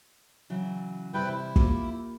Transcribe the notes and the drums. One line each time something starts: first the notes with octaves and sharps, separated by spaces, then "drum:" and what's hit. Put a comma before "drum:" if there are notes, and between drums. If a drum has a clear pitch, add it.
C#3 E3 F#3
C3 G3 E4 B4 G5
E4
A#3 F4 G4, drum: kick